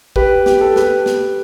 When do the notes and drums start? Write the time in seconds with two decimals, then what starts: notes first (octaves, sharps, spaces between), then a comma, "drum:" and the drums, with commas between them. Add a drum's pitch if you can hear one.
0.16 G4 B4, drum: kick
0.46 G4, drum: snare
0.61 A4
0.76 G4 B4, drum: snare
1.06 drum: snare